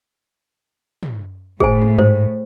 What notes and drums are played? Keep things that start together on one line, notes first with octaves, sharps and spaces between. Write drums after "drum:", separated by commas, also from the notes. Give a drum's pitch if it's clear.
drum: tom
A2 G#4 C5 G#5, drum: kick
drum: tom
G#2 C5